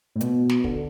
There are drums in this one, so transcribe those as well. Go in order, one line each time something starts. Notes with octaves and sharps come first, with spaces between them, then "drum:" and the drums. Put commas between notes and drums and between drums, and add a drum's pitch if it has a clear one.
A2
B2, drum: hi-hat
drum: snare
D3, drum: kick